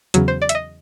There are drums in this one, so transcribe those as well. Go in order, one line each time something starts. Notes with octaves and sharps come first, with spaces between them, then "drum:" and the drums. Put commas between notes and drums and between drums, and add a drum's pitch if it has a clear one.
E2 C#3 F#3, drum: hi-hat
C5
D5
E5, drum: hi-hat
D#5